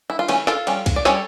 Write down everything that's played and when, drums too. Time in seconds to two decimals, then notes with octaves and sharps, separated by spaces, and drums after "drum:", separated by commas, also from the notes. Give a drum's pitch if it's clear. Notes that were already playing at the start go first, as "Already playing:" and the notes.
0.10 E4
0.19 F4
0.28 E3 A3 C#4, drum: cymbal
0.47 F4 A4, drum: snare
0.67 G3 C#4, drum: cymbal
0.86 drum: kick C2, cymbal
0.96 D5
1.05 G3 C#4 A4 C#5, drum: snare